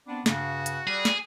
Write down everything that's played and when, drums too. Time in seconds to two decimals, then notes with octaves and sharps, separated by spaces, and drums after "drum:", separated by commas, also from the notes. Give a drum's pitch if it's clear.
0.07 B3 C4 D4
0.26 G2 C#3 F#4, drum: snare
0.66 drum: hi-hat
0.87 G3 G#4
1.05 drum: snare